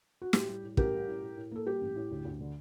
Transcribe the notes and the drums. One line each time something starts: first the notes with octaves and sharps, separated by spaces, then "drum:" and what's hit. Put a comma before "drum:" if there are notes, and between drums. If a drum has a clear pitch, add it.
F#4
A2 G4, drum: snare
G3
A2
A1 G4 A#4, drum: kick
G3
A2
A2
A2
A#3 A4
G3 G4
A1
A2
D2
D2
D3